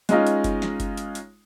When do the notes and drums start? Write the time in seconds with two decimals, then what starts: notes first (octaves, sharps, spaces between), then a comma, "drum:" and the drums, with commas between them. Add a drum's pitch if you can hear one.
0.09 G#3 C#4 D#4 F4, drum: hi-hat
0.27 drum: hi-hat
0.44 drum: kick F#1, hi-hat
0.62 drum: snare
0.80 drum: kick F#1, hi-hat
0.97 drum: hi-hat
1.15 drum: hi-hat